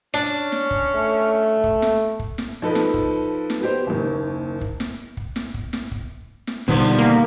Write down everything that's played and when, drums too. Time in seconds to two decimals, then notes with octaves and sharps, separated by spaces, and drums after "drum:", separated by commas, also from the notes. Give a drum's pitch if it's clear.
0.14 C#4 D4
0.52 drum: snare
0.71 drum: kick
0.95 A3
1.64 drum: kick
1.82 drum: snare
2.19 drum: kick
2.38 drum: snare
2.62 F3 D#4 A4 B4
2.75 drum: snare
2.94 drum: kick
3.50 drum: snare
3.61 B3 G4 C5
3.87 F#1 D#2
4.61 drum: kick
4.80 drum: snare
5.17 drum: kick
5.36 drum: snare
5.54 drum: kick
5.73 drum: snare
5.91 drum: kick
6.47 drum: snare
6.68 B2 D3 D#3 F3 G3 B3, drum: kick
6.98 A#3